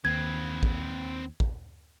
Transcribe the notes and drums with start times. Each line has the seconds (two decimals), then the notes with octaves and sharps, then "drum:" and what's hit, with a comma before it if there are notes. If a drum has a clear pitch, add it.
0.05 D#2 C4 B4 G#6
0.63 drum: kick
1.40 drum: kick